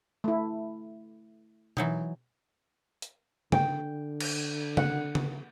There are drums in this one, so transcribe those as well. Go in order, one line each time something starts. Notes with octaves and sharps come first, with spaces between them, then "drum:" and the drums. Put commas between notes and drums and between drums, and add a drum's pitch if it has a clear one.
A3 E4
E3 F#3 D#4, drum: tom B2
drum: hi-hat
D3 G5, drum: tom C#3
drum: cymbal
F#5, drum: tom C#3
drum: tom C#3